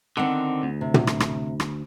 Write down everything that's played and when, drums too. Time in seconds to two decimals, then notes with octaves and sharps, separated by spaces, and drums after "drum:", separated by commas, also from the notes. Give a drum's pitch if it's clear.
0.17 D3 D#3 C4 F#5
0.63 D2
0.81 C3
0.94 drum: tom
1.07 drum: rim click
1.20 drum: rim click
1.60 drum: rim click